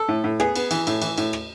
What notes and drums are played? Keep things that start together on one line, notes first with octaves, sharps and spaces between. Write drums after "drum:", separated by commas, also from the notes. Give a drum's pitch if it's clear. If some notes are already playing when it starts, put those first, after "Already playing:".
Already playing: A4
A2
A2
B3 G#4, drum: rim click
B3, drum: cymbal
E3, drum: cymbal
A2, drum: cymbal
E3, drum: cymbal
A2, drum: cymbal
drum: rim click